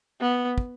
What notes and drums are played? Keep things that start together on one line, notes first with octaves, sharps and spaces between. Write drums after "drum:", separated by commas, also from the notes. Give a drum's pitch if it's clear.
B3
drum: kick